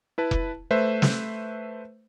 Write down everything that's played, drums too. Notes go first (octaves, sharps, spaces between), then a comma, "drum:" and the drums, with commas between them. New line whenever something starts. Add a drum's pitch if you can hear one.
E4 B4 A5
drum: kick F1
A3 B4 C5 E5
drum: snare